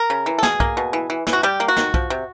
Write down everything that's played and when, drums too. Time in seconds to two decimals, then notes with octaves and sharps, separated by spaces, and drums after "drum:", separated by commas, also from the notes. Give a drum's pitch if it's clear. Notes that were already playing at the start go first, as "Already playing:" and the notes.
Already playing: A#4
0.10 C#3
0.26 E3
0.38 A4
0.43 B2 G#4, drum: snare
0.60 A#3, drum: kick B1
0.77 B2
0.93 E3
1.10 E3
1.27 E3, drum: snare
1.33 F#4
1.43 G3 G4
1.60 A#3
1.68 F#4
1.77 D#3, drum: snare
1.94 F3, drum: kick B1
2.10 C3